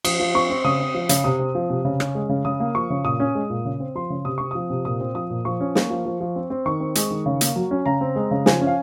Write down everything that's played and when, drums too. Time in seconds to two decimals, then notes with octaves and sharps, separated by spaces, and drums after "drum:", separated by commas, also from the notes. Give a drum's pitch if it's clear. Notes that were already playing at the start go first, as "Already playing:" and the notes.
0.05 F3 D#6, drum: cymbal
0.20 F3
0.35 C4 C#6
0.50 C4
0.64 C#3 D#6
0.80 C4
0.94 F3
1.09 C#3, drum: hi-hat
1.24 C3 D#6
1.39 C4
1.55 F3
1.70 C3
1.85 C#3
2.00 C#4, drum: rim click
2.15 G#3
2.29 C#3
2.45 C#3 D#6
2.60 A#3
2.75 F3 C#6
2.90 C#3
3.04 A#2 D#6
3.20 C#4
3.35 G#3
3.50 A#2
3.65 C#3
3.80 C4
3.95 F3 C6
4.10 C#3
4.25 C3 D#6
4.38 C4 C#6
4.51 F3 D#6
4.70 C3
4.85 A#2 D#6
5.00 C4
5.15 F3 D#6
5.30 A#2
5.45 F3 C#6
5.60 C#4
5.75 A#3, drum: snare
5.90 F3
6.06 F3
6.21 F3
6.36 C4
6.50 C4
6.66 D#3 C#6
6.80 C4
6.95 G#3, drum: hi-hat
7.10 D#3
7.26 C#3
7.41 A#3, drum: hi-hat
7.56 F#3
7.71 C#4
7.86 C#3 A#5
8.01 C4
8.16 G#3
8.31 C#3
8.46 F3 G#5, drum: snare
8.61 C#4
8.67 F5